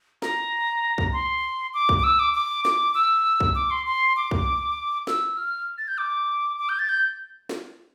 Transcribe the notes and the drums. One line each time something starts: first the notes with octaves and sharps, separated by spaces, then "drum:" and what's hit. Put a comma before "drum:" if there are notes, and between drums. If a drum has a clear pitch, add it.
A#5, drum: snare
drum: kick C2
C6
D6
drum: kick C2
D6
E6
D6
D6
D6, drum: snare
E6
drum: kick C2
D6
C6
C6
D6
drum: kick C2
E6, drum: snare
F6
A6
G6
D6
D6
G6
A6
G6
drum: snare